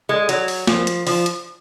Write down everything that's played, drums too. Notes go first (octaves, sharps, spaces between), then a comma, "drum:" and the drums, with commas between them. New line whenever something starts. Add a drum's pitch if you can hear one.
G#3
F#3, drum: hi-hat
drum: open hi-hat
F3, drum: snare
drum: hi-hat
F3, drum: open hi-hat
drum: hi-hat